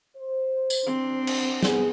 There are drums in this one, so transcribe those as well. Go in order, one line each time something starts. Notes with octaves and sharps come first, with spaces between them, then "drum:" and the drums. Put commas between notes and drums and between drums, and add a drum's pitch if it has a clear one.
C5
drum: tambourine
C4 D4
drum: cymbal
B3 G#4, drum: snare